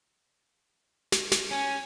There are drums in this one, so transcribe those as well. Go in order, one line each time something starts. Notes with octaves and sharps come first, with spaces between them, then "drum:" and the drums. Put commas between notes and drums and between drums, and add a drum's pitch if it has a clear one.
drum: snare
drum: snare
C#4 G#5